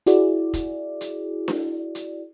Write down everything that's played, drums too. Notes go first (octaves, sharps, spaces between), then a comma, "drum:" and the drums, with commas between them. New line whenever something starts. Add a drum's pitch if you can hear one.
E4 F#4 G#4 D5, drum: hi-hat
drum: kick F1, hi-hat
drum: hi-hat
drum: snare D4
drum: hi-hat